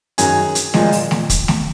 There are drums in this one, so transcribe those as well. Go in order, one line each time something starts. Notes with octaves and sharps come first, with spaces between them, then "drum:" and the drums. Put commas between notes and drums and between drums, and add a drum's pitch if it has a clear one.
F#2 D#3 F#3 C#4 G#4, drum: hi-hat
drum: hi-hat
A#2 F3 G#3, drum: snare A3
drum: open hi-hat
drum: snare A3
drum: kick, hi-hat
drum: snare A3